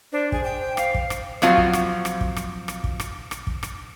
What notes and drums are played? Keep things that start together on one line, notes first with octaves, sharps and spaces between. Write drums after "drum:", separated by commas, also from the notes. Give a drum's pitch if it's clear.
D4 C5
G#4, drum: kick
G5
F5, drum: rim click
drum: kick
drum: rim click
F3 F#3 C4 F4 F#4, drum: rim click
drum: kick
drum: rim click
drum: rim click
drum: kick
drum: rim click
drum: rim click
drum: kick
drum: rim click
drum: rim click
drum: kick
drum: rim click